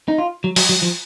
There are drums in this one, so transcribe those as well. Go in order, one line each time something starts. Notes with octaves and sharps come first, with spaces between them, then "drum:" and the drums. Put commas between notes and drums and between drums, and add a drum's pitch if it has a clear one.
D#4
F4
F#3
F#3, drum: open hi-hat
F#3
F3